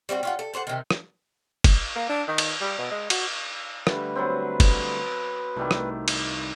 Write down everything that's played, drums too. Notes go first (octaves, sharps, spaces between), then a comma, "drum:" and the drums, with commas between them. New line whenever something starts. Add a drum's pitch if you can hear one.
G3 C4 E4 F#4
C#4 F4 F#5
A4
A4 C5 C#5 F#5
C3 D#3
drum: rim click
drum: kick, cymbal
A#3
D4
D#3
drum: cymbal
G3
B2
G#3
F#4, drum: cymbal
D3 G3 A3 B4, drum: rim click
F#3 B3 C4
drum: kick, cymbal
C2 D#3 G3 A3
drum: rim click
drum: cymbal